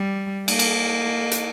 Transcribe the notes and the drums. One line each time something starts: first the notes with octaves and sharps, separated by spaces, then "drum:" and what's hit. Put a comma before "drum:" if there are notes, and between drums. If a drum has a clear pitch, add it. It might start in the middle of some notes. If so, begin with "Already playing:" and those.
Already playing: G3
A#3, drum: cymbal
drum: cymbal
drum: hi-hat